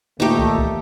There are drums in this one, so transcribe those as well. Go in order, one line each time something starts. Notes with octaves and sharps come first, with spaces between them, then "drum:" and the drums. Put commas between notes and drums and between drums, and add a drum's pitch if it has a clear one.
D#2 A#2 A3 D#4 G4
drum: kick
drum: kick